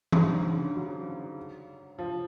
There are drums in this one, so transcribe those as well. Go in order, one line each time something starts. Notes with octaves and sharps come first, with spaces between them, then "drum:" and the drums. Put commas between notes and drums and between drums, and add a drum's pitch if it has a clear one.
G#2, drum: tom E3
G2
C#3
D3
F#3
F3